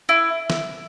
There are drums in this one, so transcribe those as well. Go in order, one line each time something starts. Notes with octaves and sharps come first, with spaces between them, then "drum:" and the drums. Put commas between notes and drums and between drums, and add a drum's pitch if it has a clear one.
E4
drum: snare